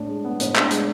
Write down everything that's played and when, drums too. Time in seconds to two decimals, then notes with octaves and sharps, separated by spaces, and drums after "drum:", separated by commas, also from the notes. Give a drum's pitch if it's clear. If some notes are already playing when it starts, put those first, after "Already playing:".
Already playing: A2 D4
0.09 G#3
0.25 B3
0.40 A2, drum: hi-hat
0.56 D4, drum: clap
0.71 G#3, drum: hi-hat